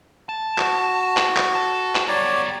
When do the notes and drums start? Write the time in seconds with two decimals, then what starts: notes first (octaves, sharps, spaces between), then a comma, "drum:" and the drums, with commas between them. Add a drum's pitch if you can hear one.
0.29 A5
0.58 F#4, drum: clap
1.17 drum: clap
1.37 drum: clap
1.55 A4 A5
1.95 drum: clap
2.08 F#3 G3 C#5 D5